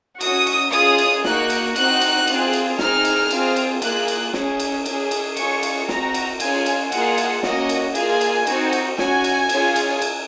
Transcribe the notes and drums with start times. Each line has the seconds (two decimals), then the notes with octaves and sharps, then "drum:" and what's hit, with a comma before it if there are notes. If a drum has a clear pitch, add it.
0.21 C#4 F#4 D#6, drum: cymbal
0.47 drum: cymbal
0.73 C#4 F4 G#4 D#6, drum: cymbal
0.98 drum: cymbal
1.24 A#3 D#4 F#4 F#6, drum: snare
1.50 drum: cymbal
1.76 C4 D#4 F#4 F#6, drum: cymbal
2.01 drum: cymbal
2.27 C4 F4 G#4, drum: cymbal
2.53 drum: cymbal
2.79 C4 D#4 G#4 F6, drum: snare
3.05 drum: cymbal
3.31 C4 F4 G#4, drum: cymbal
3.56 drum: cymbal
3.82 A#3 F4 G#4 F#6, drum: cymbal
4.08 drum: cymbal
4.33 C#4 G#4, drum: snare
4.60 drum: cymbal
4.86 C#4 G#4, drum: cymbal
5.11 drum: cymbal
5.37 C#4 F4 G#4 C#6, drum: cymbal
5.63 drum: cymbal
5.89 C4 F#4 A#5, drum: snare
6.14 drum: cymbal
6.40 C#4 F4 G#4 G#5, drum: cymbal
6.66 drum: cymbal
6.92 A#3 F4 G#4 F#5, drum: cymbal
7.18 drum: cymbal
7.43 A#3 C#4 F#4 D#5, drum: snare
7.69 drum: cymbal
7.95 A#3 F4 G#4 G#5, drum: cymbal
8.21 drum: cymbal
8.47 C4 D#4 F#4, drum: cymbal
8.73 drum: cymbal
8.98 C#4 F#4 G#5, drum: snare
9.24 drum: cymbal
9.49 C#4 F4 G#4, drum: cymbal
9.76 drum: cymbal
10.02 drum: cymbal